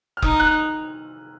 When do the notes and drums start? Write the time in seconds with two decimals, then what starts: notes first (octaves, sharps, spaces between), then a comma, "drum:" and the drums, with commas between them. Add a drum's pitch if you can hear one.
0.17 F6
0.22 D#4 D#6, drum: kick F1
0.39 F#6